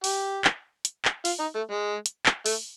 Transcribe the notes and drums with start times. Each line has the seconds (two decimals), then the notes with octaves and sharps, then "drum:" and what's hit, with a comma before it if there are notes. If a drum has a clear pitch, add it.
0.04 G4, drum: open hi-hat
0.45 drum: clap
0.85 drum: hi-hat
1.05 drum: clap
1.25 F4, drum: open hi-hat
1.40 D#4
1.55 A3
1.71 G#3
2.06 drum: hi-hat
2.26 drum: clap
2.46 A3, drum: open hi-hat